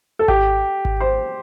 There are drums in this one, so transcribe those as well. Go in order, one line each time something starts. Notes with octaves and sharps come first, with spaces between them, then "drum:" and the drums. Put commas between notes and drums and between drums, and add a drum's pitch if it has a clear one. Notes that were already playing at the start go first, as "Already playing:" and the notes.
A4
G4, drum: kick G#1
drum: kick G#1
C5